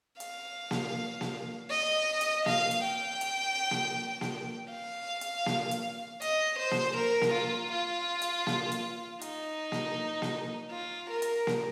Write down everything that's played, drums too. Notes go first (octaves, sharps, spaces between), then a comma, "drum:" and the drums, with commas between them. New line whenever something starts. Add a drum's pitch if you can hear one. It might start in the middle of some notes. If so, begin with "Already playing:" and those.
F5, drum: hi-hat
drum: snare A#3
drum: snare A#3
D#5
drum: hi-hat
F5, drum: snare A#3
drum: hi-hat
G5
drum: hi-hat
drum: snare A#3
drum: snare A#3
F5
drum: hi-hat
drum: snare A#3
drum: hi-hat
D#5, drum: hi-hat
C5
drum: snare A#3
A#4
drum: snare A#3
F4
F4
drum: hi-hat
drum: snare A#3
drum: hi-hat
D#4, drum: hi-hat
drum: snare A#3
drum: snare A#3
F4
A#4
drum: hi-hat
drum: snare A#3